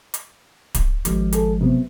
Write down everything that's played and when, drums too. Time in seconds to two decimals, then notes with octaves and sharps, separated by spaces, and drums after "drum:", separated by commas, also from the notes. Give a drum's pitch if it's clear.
0.14 drum: hi-hat
0.75 drum: kick D1, hi-hat
1.05 G#1 F3 G#3, drum: hi-hat
1.33 G#4 A4, drum: hi-hat
1.61 C3 F#3 B3